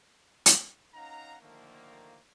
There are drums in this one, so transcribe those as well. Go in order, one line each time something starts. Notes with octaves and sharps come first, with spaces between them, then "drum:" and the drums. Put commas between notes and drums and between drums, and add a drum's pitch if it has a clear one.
drum: hi-hat
C#4 D#4 F5 F#5 A#5
D3 D#3 F3 A3 A#3